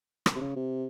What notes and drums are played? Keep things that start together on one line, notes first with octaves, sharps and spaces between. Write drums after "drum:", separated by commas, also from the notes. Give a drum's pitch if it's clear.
drum: rim click
C3
C#3
C3